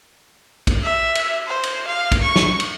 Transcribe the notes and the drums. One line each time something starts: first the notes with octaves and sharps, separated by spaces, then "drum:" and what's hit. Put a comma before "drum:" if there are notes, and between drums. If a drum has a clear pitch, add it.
drum: kick, cymbal
E5
drum: cymbal
C5
drum: cymbal
F5
drum: kick, cymbal
C#6
drum: snare
drum: cymbal